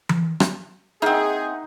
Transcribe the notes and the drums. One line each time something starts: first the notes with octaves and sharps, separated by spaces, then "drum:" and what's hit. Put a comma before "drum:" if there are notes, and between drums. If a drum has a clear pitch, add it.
drum: tom E3
drum: rim click
C4 C#4 D#4 G#4 E5 F#5